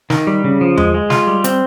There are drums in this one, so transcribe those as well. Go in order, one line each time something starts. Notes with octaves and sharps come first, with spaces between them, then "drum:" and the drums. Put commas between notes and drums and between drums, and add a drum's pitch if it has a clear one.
D#3, drum: snare
G3
C#3
F3
G#3, drum: tom E2
G#3
F4, drum: snare
G3
C4, drum: hi-hat